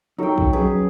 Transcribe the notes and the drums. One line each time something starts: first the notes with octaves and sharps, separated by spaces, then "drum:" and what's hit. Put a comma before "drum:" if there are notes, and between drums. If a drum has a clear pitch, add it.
F#3 D#4 A4 A#4 G5
drum: kick A#1
F#3 C#4 G#4 B4